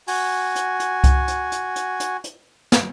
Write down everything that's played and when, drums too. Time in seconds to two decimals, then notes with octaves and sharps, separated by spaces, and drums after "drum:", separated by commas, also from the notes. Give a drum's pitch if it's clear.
0.08 F#4 G#5, drum: open hi-hat
0.56 drum: hi-hat
0.80 drum: hi-hat
1.04 drum: kick C2, hi-hat
1.28 drum: hi-hat
1.52 drum: hi-hat
1.76 drum: hi-hat
2.00 drum: hi-hat
2.24 drum: hi-hat
2.72 drum: snare